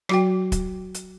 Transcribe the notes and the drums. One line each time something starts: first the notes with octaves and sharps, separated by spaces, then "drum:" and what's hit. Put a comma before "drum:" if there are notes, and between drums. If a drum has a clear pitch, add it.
F#3 F#4 G5, drum: rim click
drum: kick, hi-hat
drum: hi-hat